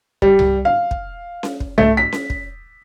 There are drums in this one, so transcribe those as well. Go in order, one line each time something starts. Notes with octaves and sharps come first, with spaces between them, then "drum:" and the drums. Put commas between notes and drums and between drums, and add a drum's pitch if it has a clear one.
G3, drum: kick
drum: tom C2
F5
drum: kick
drum: snare C#4
drum: kick
A3, drum: tom C2
B6
drum: snare C#4
drum: kick